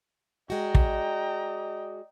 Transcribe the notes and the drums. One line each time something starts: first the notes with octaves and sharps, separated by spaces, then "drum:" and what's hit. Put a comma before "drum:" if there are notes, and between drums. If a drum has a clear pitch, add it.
G#3 F#4 D5 D#5 G5 A#5
drum: kick